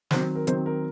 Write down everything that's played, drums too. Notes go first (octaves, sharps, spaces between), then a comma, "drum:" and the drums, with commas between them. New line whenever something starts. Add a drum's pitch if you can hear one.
D#3 F#3 C4 C5, drum: snare
A#4
D#3 F#3 C4 C5, drum: hi-hat
A#4